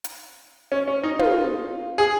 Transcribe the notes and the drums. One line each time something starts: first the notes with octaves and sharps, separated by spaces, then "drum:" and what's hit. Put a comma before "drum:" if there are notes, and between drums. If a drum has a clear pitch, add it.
drum: hi-hat
C#4
C#4
D#4
F4, drum: tom
G#4